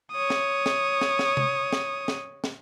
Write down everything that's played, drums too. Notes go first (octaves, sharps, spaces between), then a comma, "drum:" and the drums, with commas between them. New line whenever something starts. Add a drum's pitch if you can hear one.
C#5 D#6
drum: snare
drum: snare
drum: snare
drum: snare
drum: tom C3
drum: snare
drum: snare
drum: snare